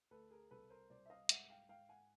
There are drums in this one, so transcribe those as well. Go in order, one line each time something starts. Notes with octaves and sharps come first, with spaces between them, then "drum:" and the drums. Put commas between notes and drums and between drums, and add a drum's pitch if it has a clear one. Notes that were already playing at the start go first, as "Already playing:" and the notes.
D2 A4 B4
G#4 A#4
C2 A4 B4
A#4 C5
C2 C5 D5
E5
D#5 F5
G#2 E5 F#5, drum: hi-hat
F5 G5
G#2 F5 G5
F#5 G#5